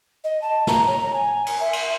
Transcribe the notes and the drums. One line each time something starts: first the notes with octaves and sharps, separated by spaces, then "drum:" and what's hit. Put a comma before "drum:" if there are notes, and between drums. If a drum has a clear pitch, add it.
D#5
A5
A#5, drum: snare
C#5
A#5
G#5
drum: cymbal
E5
drum: cymbal